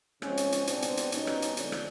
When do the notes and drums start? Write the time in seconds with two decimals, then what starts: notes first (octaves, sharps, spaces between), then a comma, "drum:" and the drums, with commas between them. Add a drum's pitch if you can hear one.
0.22 C#3 F3 G#3 C4 C#4, drum: rim click
0.37 drum: hi-hat
0.52 drum: hi-hat
0.67 B2 G#3 B3 C4 D4, drum: hi-hat
0.82 drum: hi-hat
0.97 drum: hi-hat
1.12 B2 G3 B3 C#4 D#4, drum: hi-hat
1.27 drum: rim click
1.42 drum: hi-hat
1.57 D3 F3 G#3 C4 D4, drum: hi-hat
1.72 drum: rim click